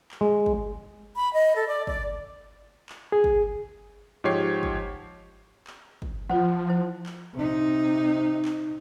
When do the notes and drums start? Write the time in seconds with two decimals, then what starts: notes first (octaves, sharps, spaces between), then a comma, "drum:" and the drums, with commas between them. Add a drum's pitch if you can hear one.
0.11 drum: clap
0.21 G#3
0.46 drum: kick
1.16 B5
1.34 D#5
1.56 A4
1.68 D5
1.87 D5, drum: kick
2.89 drum: clap
3.12 G#4
3.24 drum: kick
4.24 G#2 F3 G4 C#5 C7
4.63 drum: kick
5.67 drum: clap
6.02 drum: kick
6.30 F3 F4 C5 F#5
6.69 E4 C5
7.06 drum: clap
7.34 C3 D#4
8.45 drum: clap